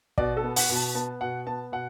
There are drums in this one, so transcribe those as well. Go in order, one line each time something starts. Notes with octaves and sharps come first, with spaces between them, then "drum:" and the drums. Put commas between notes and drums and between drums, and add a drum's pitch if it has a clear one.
B2 D5, drum: kick
A4
B3
F#5, drum: open hi-hat
B2
A5
B3 A5
B2 F#5
B3 A5
B2 F#5